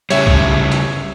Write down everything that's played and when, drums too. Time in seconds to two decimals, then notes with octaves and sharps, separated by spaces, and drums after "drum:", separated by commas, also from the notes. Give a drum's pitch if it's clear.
0.10 C#3 G3 C#5 E5, drum: hi-hat
0.27 drum: kick
0.72 drum: hi-hat